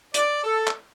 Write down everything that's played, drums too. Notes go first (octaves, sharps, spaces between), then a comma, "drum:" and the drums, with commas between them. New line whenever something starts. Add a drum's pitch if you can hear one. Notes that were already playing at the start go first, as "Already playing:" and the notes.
D5, drum: hi-hat
A4
drum: clap